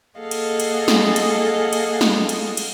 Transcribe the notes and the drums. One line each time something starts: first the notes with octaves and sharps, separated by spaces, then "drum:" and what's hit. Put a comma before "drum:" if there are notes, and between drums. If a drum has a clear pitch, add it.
A#3 G#4 A4 D#5 F5 F#5
drum: cymbal
drum: cymbal
drum: snare
drum: cymbal
drum: cymbal
drum: snare
drum: cymbal
drum: cymbal